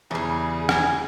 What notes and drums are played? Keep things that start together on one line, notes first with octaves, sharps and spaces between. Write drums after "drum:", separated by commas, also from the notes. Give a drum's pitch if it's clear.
E2 C#3 G3 G#4
G#5, drum: rim click